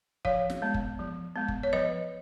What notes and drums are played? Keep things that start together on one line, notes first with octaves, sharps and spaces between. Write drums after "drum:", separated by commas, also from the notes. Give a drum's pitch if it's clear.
F3 C#5 F5, drum: kick
drum: snare
G#3 B3
drum: kick
F3
G#3 B3
drum: kick
C#5
F3 B4 D#5